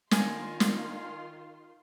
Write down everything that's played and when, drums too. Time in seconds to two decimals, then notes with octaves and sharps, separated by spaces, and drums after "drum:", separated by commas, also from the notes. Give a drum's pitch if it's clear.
0.11 D#3 F4 A#4 G#5 C6, drum: snare
0.60 drum: snare